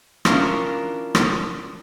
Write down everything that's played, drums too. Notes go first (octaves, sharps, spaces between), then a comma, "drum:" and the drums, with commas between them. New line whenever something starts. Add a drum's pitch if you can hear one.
E3 C#4 D4 F4 A#4, drum: rim click
drum: rim click